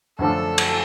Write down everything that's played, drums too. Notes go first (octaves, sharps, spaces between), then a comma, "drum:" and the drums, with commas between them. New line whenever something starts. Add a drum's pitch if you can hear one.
F#2 D3 F3 A3 D4 A4
drum: cymbal